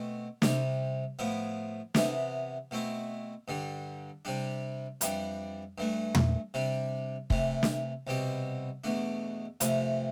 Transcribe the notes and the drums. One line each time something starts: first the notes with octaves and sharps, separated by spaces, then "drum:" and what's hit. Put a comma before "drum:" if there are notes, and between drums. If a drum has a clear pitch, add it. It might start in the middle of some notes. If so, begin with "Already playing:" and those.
Already playing: B2 A3 C4
C2 C3 G3, drum: snare
A2 F3 B3 E4
C3 E3 B3, drum: snare
B2 A3 C4 E4
G2 D3 G3
C3 G3 D4
F2 E3 G3 D4, drum: hi-hat
G2 E3 A3
drum: tom
C3 G3 D4
C3 E3 A3, drum: kick
drum: snare
C2 B2 G3 C4
E2 B2 A3 D4
F2 C3 E3 A3, drum: hi-hat